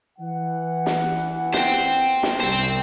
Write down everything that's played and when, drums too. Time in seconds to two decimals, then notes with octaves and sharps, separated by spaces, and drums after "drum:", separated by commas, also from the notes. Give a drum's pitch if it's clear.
0.19 E3 F#5
0.86 drum: snare
1.54 C5 G5, drum: snare
2.23 drum: snare
2.40 C2 C5 G5